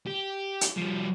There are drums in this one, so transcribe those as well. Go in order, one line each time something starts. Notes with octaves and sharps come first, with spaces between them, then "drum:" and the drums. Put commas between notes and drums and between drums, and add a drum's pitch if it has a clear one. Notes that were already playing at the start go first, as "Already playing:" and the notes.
G4
drum: hi-hat
F3 G3